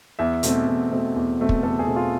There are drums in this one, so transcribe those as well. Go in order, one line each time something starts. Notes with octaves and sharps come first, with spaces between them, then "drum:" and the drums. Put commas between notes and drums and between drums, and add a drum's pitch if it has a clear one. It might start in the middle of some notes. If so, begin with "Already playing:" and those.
E2 E5
B2 A3 C4, drum: hi-hat
E2
B2 A3 C4
E2
B2 A3 C4
drum: kick
E2 A4
G#4
B2 A3 C4
F4